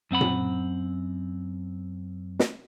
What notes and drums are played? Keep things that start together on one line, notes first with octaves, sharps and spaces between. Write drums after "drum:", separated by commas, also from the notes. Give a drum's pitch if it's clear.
F#2 C4 F#5 B5
drum: tom A#2
drum: snare